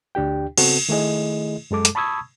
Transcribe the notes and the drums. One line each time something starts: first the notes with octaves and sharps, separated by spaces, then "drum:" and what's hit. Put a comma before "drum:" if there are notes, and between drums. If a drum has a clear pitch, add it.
D2 D4 G4 G5
C#3 B3 C4 F#4 A4, drum: cymbal
D#3 A3 E4 G#4 D#5
F#2 G#3 A4 D6
drum: hi-hat
A5 B5 C#6 D#6 E6 G#6